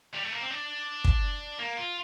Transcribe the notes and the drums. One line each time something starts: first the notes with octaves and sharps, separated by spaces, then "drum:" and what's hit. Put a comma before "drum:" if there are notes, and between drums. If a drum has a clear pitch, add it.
G3
A3
A#3
C4
D4
drum: kick
A#3
F4